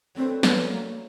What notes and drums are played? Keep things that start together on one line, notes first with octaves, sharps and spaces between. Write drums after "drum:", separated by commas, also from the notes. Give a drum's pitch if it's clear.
F#3 A3 C4 D4 F#4 B4
B3, drum: snare
A#3